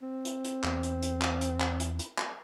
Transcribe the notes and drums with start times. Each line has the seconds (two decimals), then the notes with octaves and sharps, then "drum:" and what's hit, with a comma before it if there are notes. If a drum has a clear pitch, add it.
0.02 C4
0.25 drum: hi-hat
0.44 drum: hi-hat
0.64 E2, drum: clap
0.83 drum: hi-hat
1.02 drum: hi-hat
1.22 drum: clap
1.41 drum: hi-hat
1.60 drum: clap
1.80 drum: hi-hat
1.99 drum: hi-hat
2.18 drum: clap